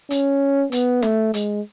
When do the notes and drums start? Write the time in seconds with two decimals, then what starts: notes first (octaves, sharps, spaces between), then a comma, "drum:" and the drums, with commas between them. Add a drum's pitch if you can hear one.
0.10 C#4, drum: hi-hat
0.72 B3, drum: hi-hat
1.02 A3, drum: snare
1.34 G#3, drum: hi-hat